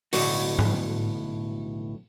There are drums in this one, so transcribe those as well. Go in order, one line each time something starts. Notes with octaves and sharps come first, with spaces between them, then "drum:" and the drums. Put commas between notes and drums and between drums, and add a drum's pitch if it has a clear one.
B1 A2 D3 F#3 F#4, drum: open hi-hat
drum: tom G#2